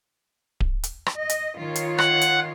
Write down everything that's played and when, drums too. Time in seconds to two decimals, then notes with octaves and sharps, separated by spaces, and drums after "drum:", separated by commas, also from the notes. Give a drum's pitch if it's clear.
0.60 drum: kick D1
0.83 drum: hi-hat
1.06 drum: rim click
1.17 D#5
1.29 drum: hi-hat
1.57 D#3 F4 C#5
1.75 drum: hi-hat
1.98 F#5, drum: rim click
2.21 drum: hi-hat